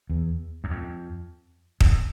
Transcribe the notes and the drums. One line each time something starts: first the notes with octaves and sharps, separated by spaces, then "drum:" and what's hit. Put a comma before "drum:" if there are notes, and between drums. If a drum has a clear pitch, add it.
E2
F#2
F2
E2, drum: kick